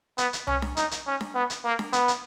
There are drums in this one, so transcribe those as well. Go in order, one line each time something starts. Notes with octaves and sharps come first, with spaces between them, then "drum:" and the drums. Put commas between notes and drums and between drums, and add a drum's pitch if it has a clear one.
B3, drum: hi-hat
drum: hi-hat
C#4, drum: tom C2
drum: snare D4
D#4, drum: hi-hat
drum: hi-hat
C#4
drum: snare D4
B3
drum: hi-hat
A#3
drum: snare D4
B3, drum: hi-hat
drum: hi-hat